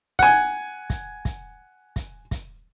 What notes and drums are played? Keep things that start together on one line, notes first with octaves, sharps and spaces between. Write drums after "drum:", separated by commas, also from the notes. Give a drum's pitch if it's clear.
F#5 G#5, drum: kick, hi-hat
drum: kick, hi-hat
drum: kick, hi-hat
drum: kick, hi-hat
drum: kick, hi-hat